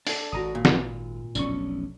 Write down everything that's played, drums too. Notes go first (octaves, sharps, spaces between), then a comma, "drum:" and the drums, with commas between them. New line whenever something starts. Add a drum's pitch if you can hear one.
D4 A4, drum: open hi-hat
G#1 F#4 A#5 D#6
A#2
drum: snare
F1 B1 C#4 D4 C#6, drum: tambourine